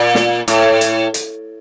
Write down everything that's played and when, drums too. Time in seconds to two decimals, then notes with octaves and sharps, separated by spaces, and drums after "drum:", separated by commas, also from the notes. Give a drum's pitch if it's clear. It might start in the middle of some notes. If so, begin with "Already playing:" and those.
Already playing: A#2
0.15 drum: snare
0.48 A2, drum: hi-hat
0.81 drum: hi-hat
1.14 drum: hi-hat